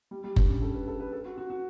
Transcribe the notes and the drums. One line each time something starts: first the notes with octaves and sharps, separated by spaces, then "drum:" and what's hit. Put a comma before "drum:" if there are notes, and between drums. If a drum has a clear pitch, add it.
G3
G3
D4, drum: kick F#1
C#4
A4
B4
A4
B4
A4
F#4
F#4
F#4